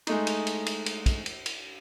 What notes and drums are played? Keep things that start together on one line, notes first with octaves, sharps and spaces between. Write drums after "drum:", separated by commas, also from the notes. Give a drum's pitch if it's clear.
G#3 A3 D#4, drum: cymbal
drum: cymbal
drum: cymbal
drum: cymbal
drum: cymbal
drum: kick, cymbal
drum: cymbal
drum: cymbal